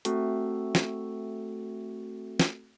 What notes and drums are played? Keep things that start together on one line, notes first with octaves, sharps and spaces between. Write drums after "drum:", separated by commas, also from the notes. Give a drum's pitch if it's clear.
A3 C4 F#4 A4, drum: hi-hat
drum: snare
drum: snare